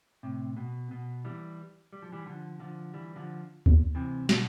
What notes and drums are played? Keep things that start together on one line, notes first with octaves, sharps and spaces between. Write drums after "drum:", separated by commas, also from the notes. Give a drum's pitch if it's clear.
A2 C3
B2
B2
E3 G3
G3
F3
E3 G3
D3 F3
D3 F3
E3 G3
D3 F3
drum: kick D2
C3 E3
B2 D3, drum: snare